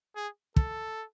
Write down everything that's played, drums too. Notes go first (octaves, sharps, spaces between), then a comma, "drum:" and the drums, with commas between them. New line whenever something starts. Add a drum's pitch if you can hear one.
G#4
A4, drum: kick